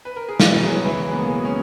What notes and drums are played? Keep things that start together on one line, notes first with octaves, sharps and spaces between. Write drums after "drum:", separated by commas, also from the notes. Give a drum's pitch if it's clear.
B4
A#4
G#4
F#4, drum: snare
B2 E3 E4
G#4
F#3 F#4
C#2 E3 E4
C#2 G#3
B3
B2 A#3
G#3
F#3
C#4